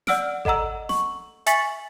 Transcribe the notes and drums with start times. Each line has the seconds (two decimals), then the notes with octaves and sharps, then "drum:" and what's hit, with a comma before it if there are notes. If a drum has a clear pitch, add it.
0.07 D5 F#5 E6 F6 D7, drum: snare
0.45 A4 D#5 F#5 A#5 E6, drum: kick G#1
0.89 C#6, drum: snare
1.46 E5 G#5 C#6 A6 B6 F#7, drum: hi-hat